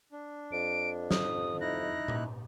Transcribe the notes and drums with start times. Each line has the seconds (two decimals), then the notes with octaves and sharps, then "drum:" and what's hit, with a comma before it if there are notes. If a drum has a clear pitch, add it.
0.12 D4
0.52 F2 D7
1.11 D#6, drum: snare
1.61 D#4 E4 F#6 A#6
2.08 drum: tom A#2